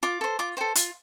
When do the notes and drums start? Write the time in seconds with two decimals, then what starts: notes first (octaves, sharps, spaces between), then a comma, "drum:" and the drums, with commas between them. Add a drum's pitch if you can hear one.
0.03 F4 D6
0.21 A4 C5
0.39 F4 D6
0.57 A4 C5 G5
0.75 F4, drum: hi-hat